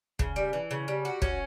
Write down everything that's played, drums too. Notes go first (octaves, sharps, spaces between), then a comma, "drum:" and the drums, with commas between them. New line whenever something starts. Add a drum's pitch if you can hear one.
C#3, drum: kick
G3
E3
C#3
G3
F#4
C#4, drum: kick